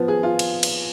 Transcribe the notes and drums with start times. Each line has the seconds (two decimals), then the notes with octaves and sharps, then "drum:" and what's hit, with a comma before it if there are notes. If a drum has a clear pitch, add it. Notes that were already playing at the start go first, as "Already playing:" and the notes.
Already playing: F3 B3
0.08 G#4
0.23 F4
0.39 drum: cymbal
0.63 drum: cymbal